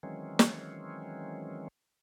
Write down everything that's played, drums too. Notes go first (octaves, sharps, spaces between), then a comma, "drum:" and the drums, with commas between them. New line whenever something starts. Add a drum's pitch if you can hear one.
D#3 E3 F#3 G#3 C4 C#4
drum: snare